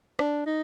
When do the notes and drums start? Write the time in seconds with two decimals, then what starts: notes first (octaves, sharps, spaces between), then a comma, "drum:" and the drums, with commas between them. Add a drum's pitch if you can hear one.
0.19 D4, drum: rim click
0.46 D#4